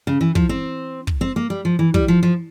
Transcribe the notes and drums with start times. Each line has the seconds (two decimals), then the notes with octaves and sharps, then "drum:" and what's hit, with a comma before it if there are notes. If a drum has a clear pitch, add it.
0.07 C#3
0.21 E3
0.35 F3, drum: kick
0.49 C4
1.07 drum: kick
1.21 C4
1.36 A#3
1.50 G3
1.65 F3
1.79 E3
1.94 G3, drum: kick
2.08 F3
2.23 F3